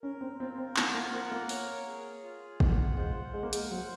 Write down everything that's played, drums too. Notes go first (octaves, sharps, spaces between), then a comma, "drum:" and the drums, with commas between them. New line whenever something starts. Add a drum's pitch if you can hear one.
C#4 A#4
C4
C4 F4
C4
C4 F#5, drum: clap
A#3
C4 A#4
A#3
C#5, drum: open hi-hat
G#4
F4
F#5, drum: kick
G#3 C5
G#3 F#5
A#3
G#3, drum: hi-hat
F#3 C5